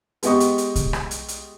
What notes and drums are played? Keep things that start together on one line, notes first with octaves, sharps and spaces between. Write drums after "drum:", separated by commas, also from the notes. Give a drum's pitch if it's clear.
G#3 B3 G4 D#5 C#6, drum: hi-hat
drum: hi-hat
drum: hi-hat
drum: kick C2, hi-hat
drum: rim click
drum: hi-hat
drum: hi-hat